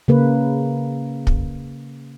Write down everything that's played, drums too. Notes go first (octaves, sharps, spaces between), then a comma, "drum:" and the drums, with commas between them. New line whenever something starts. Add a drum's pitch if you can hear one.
C#3 A#3 B4
drum: kick